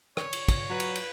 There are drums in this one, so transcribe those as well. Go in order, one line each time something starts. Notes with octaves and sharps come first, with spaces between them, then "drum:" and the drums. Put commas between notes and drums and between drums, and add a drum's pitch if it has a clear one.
C#5, drum: rim click
drum: cymbal
drum: kick, cymbal
F#3 B4
drum: cymbal
drum: cymbal